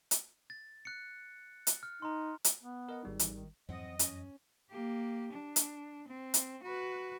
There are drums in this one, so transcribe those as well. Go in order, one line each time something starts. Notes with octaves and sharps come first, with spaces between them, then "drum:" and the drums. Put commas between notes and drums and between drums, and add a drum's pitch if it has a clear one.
drum: hi-hat
A6
F#6 C#7
drum: hi-hat
F6
D#4 A#5 C6
drum: hi-hat
B3
A#4 D#5 F#5
G#1 G3 D#4
E3, drum: hi-hat
D#3
F2 G#2 E3 F#3 C4 D#5 F#5
F#2 C#4, drum: hi-hat
A#3 G4
D4
drum: hi-hat
C4
drum: hi-hat
F#4 B4